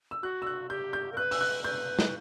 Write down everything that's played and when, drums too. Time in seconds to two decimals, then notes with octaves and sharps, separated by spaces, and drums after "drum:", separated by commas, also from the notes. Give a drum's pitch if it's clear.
0.11 E6
0.23 F#4 F#6
0.42 E6
0.46 F#6
0.70 G4 G6
0.93 G6
1.12 A#4
1.17 B4 F#6
1.31 E6, drum: open hi-hat
1.41 F#6
1.64 B4 G6
1.99 drum: snare